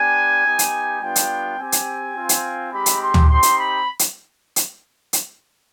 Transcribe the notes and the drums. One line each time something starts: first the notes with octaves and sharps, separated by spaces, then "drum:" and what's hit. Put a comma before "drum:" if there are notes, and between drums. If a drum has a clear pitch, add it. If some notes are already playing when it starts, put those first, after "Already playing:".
Already playing: B3 D4 G4 G#5
B3 D#4 G4
drum: hi-hat
G3 B3 D4 F4 G5
drum: hi-hat
C4 G4 G#5
drum: hi-hat
C4 F4
drum: hi-hat
G#3 C4 D#4 G4 B5
drum: hi-hat
C6
drum: tom
C4 D#4 G4 C6
drum: hi-hat
B5
drum: hi-hat
drum: hi-hat
drum: hi-hat